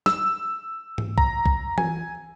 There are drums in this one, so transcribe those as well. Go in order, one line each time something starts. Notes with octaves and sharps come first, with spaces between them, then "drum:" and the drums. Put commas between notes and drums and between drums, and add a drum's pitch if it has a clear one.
E6, drum: snare
drum: tom G#2
A#5, drum: kick
drum: kick
G#5, drum: tom E3